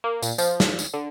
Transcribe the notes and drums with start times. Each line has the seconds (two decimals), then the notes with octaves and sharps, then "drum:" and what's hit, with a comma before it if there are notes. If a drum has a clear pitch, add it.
0.04 A#3
0.23 A#2, drum: tambourine
0.38 F3, drum: tambourine
0.60 drum: snare
0.79 drum: tambourine
0.93 D3